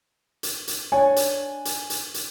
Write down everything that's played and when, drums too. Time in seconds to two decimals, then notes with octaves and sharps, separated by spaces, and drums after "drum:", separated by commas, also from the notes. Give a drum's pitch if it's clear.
0.43 drum: hi-hat
0.67 drum: hi-hat
0.92 D4 C#5 G#5
1.16 drum: hi-hat
1.65 drum: hi-hat
1.90 drum: hi-hat
2.14 drum: hi-hat